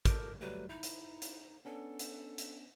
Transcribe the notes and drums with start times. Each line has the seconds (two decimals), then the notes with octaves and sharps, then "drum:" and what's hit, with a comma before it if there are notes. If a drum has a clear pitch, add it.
0.05 A4 A#4 D6 G6, drum: kick, hi-hat
0.41 F#3 G3 A3 B4
0.69 D#4 E4
0.83 drum: hi-hat
1.22 drum: hi-hat
1.65 B3 C#4 D4 A4
1.99 drum: hi-hat
2.38 drum: hi-hat